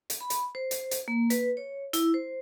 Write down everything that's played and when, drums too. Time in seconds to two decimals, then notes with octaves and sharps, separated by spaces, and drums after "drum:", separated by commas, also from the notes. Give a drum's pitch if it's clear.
0.10 drum: hi-hat
0.21 B5
0.30 drum: hi-hat
0.55 C5
0.71 drum: hi-hat
0.91 drum: hi-hat
1.08 A#3
1.30 B4, drum: hi-hat
1.57 C#5
1.93 E4, drum: hi-hat
2.14 C5